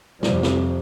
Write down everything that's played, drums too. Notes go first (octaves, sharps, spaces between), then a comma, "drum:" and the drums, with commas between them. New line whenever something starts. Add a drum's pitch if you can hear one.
F2 C3 G3, drum: snare
drum: snare